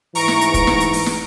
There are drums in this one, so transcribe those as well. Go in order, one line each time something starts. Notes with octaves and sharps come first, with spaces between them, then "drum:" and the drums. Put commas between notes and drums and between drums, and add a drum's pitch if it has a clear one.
G#2 E3 A#5 C#6 D7, drum: open hi-hat
drum: snare
drum: hi-hat
drum: kick, hi-hat
drum: snare
drum: hi-hat
drum: open hi-hat
drum: snare